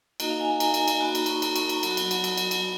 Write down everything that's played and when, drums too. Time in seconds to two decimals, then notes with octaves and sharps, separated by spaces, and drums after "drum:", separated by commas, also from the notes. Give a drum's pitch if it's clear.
0.20 A#3 D#4 F#4 D#5, drum: cymbal
0.30 F5
0.40 G#5
0.50 A#5
0.60 drum: cymbal
0.74 drum: cymbal
0.88 drum: cymbal
1.01 A#3 D#4 F#4 B5
1.15 drum: cymbal
1.26 C#6, drum: cymbal
1.34 B5
1.42 A#5, drum: cymbal
1.56 C#6, drum: cymbal
1.69 drum: cymbal
1.83 F#3 B3 F#4 B5, drum: cymbal
1.97 B5, drum: cymbal
2.11 F#5, drum: cymbal
2.24 drum: cymbal
2.38 drum: cymbal
2.51 drum: cymbal